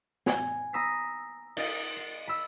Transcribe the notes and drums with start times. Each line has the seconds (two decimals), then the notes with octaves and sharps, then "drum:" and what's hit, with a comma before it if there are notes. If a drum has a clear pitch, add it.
0.26 G#5, drum: snare
0.73 A#5 B5 D#6 E6 B6 C7
1.57 D#5, drum: cymbal
1.96 C7
2.27 B5 E6